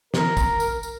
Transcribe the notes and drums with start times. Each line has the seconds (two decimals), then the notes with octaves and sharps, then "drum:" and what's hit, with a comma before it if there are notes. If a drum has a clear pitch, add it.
0.14 A#4, drum: snare
0.37 drum: kick, tambourine
0.60 drum: tambourine
0.83 drum: tambourine